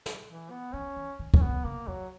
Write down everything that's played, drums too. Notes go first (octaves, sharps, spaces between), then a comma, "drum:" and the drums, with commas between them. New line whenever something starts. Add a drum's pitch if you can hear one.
drum: snare
E3
B3
E3 C#4
E3
D#3
D#3, drum: kick
C#4
B3
D#3
C#3 A#3
E2 F#3